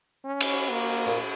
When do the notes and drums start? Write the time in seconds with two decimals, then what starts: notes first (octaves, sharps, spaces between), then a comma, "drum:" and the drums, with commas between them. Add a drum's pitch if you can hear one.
0.25 C#4
0.41 drum: cymbal
0.69 A#3
1.06 A#2